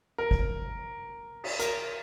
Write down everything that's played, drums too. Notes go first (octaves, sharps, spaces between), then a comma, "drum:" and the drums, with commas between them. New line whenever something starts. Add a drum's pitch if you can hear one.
A#4
drum: kick
drum: cymbal
A#4, drum: hi-hat